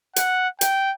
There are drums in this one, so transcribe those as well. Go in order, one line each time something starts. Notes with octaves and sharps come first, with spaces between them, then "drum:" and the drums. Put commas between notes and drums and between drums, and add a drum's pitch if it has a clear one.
F#5, drum: hi-hat
G5, drum: hi-hat